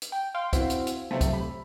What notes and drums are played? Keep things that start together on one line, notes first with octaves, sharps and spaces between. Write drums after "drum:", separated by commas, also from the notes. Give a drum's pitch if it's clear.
drum: hi-hat
G5
F5 G5 C6
C4 E4 F#4, drum: kick, hi-hat
drum: hi-hat
drum: hi-hat
B1 C3 F3 A3
drum: kick, hi-hat
B5